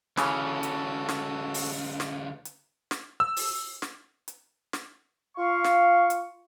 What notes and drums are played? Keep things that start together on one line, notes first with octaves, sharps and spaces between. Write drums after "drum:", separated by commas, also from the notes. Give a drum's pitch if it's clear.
D2 C#3 E3 C#4 F#4 A4 A5, drum: snare
drum: hi-hat
drum: snare
drum: open hi-hat
drum: snare
drum: hi-hat
drum: snare
E6
drum: open hi-hat
drum: snare
drum: hi-hat
drum: snare
F4 F5 C#6
drum: snare
drum: hi-hat